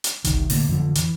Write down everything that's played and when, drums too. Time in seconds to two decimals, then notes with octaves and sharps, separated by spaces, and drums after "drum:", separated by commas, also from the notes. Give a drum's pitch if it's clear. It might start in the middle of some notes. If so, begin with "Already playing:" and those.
0.04 drum: hi-hat
0.24 C2 D#3, drum: kick F#1, hi-hat
0.50 A#2 D3 A3 A#3, drum: open hi-hat
0.68 A1 F2 D3 F3
0.95 E3, drum: hi-hat